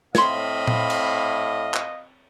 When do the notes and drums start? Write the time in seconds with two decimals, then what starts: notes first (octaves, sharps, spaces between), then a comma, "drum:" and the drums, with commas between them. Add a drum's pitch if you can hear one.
0.15 A2 C4 C#5 D#5 F5 B5 C6, drum: snare
0.67 drum: tom A#2
0.90 drum: cymbal
1.74 drum: clap